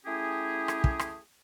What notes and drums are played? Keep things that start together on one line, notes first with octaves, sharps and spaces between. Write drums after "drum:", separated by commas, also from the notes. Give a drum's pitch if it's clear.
A3 C#4 E4 G4 G#4
drum: rim click
drum: kick
drum: rim click